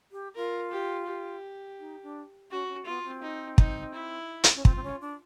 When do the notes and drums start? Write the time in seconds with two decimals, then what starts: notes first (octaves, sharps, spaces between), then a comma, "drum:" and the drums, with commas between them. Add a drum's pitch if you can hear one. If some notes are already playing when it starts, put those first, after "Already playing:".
0.12 G4
0.35 F4 A#4
0.71 G4
1.07 G4
1.79 D#4
2.03 D4
2.51 C#4 F#4
2.68 C#4
2.86 B3 F4
3.04 C4
3.23 D#4
3.58 D#4, drum: kick
3.94 E4
4.44 drum: hi-hat
4.55 C#4
4.65 C4 F4, drum: kick
4.76 C4
4.83 C#4
5.01 D4